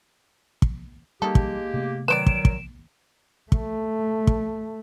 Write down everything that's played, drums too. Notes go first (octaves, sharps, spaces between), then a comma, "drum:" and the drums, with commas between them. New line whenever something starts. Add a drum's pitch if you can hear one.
drum: kick
D#3 G3 G#3 A#3 G4 A4
drum: kick
C3 A3 B3
A#2 D#3 F#3 B4 C5 D5 D7 E7
drum: kick
drum: kick
A3, drum: kick
drum: kick